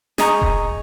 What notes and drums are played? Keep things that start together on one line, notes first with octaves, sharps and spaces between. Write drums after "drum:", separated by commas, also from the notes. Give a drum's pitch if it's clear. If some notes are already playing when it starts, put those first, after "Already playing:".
G#4 D#5 A#5 C#6 G6, drum: snare
drum: kick E1